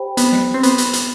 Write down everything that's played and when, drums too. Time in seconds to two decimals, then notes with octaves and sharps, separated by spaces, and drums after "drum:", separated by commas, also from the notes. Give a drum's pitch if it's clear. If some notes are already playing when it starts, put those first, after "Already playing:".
Already playing: G4 C5 G5 B5
0.17 B3, drum: hi-hat
0.32 drum: snare
0.54 C4
0.63 B3, drum: hi-hat
0.78 drum: hi-hat
0.93 drum: hi-hat